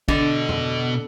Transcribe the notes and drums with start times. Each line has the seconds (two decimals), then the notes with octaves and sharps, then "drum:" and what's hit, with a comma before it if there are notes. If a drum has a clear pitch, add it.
0.08 B2 D3 D#5, drum: kick
0.49 drum: tom F2